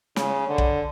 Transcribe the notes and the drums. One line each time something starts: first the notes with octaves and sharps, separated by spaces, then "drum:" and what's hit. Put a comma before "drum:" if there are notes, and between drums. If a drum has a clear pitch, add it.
C#3, drum: snare
D3
drum: kick